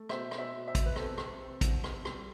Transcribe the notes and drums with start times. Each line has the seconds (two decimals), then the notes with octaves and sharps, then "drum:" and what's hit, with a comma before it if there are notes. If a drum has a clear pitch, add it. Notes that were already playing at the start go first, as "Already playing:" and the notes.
Already playing: A3
0.09 B2 C5 E5, drum: rim click
0.31 B2, drum: rim click
0.38 C5 E5
0.54 B2
0.67 C5 E5
0.75 B2, drum: kick, hi-hat
0.86 B4
0.96 C3 A4 C5, drum: rim click
1.18 C3, drum: rim click
1.40 C3
1.61 C2, drum: kick, hi-hat
1.84 C3, drum: rim click
2.05 G3, drum: rim click